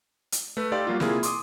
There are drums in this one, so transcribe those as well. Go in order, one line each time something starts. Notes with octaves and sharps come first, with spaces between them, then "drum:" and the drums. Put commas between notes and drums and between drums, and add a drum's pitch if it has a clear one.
drum: hi-hat
A3 B4
D#4 G4 A4 D5 F5 C6
F#3 G3 A#3 F4
C3 A#3 E4 F4 G#4, drum: snare
C6 D6 D#6, drum: hi-hat